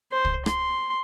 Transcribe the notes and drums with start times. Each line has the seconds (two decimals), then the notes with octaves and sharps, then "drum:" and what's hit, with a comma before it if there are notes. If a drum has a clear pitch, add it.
0.12 C5
0.25 drum: kick
0.46 C6, drum: rim click